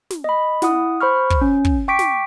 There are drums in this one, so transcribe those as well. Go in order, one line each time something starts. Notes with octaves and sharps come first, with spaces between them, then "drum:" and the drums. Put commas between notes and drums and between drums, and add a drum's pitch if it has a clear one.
drum: snare
D#5 B5
E4 F#5 D#6, drum: snare
C5 B5 C#6 F6
drum: kick
C#4
drum: kick
G5 C#6 D6 B6 D7
drum: snare